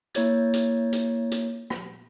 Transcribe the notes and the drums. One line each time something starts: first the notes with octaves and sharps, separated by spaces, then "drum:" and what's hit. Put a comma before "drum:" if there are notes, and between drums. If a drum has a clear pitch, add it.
A#3 E4 C#5 G#6 A6, drum: hi-hat
drum: hi-hat
drum: hi-hat
drum: hi-hat
drum: rim click